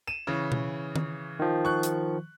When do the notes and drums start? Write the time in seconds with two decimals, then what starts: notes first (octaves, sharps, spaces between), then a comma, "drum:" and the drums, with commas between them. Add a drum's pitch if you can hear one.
0.07 D#7 E7
0.27 C#3 E3
0.52 drum: tom B2
0.96 drum: tom D#3
1.39 D#3 F3
1.65 C#6 F#6
1.83 drum: hi-hat